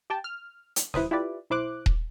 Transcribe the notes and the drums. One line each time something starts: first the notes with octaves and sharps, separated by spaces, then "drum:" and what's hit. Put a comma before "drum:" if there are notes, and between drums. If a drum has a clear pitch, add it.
G4 G5 A5
F6
drum: hi-hat
D#2 E4 B4 C5 D#6, drum: snare
E4 F4 G4 B4 D5
B1 E4 C5 D6 F#6
drum: kick D#1